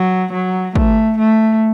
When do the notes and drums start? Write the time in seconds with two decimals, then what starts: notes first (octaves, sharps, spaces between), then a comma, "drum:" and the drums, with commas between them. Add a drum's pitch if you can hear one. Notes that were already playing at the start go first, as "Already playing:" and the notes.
Already playing: F#3
0.33 F#3
0.75 A3, drum: kick
1.18 A3